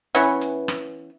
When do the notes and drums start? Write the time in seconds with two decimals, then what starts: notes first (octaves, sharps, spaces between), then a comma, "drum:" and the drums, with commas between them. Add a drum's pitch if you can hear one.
0.15 E3 B3 C#4, drum: hi-hat
0.41 drum: hi-hat
0.68 drum: rim click